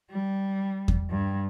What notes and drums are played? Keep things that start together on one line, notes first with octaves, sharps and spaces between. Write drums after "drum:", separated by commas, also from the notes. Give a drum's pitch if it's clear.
G3
drum: kick E2
G2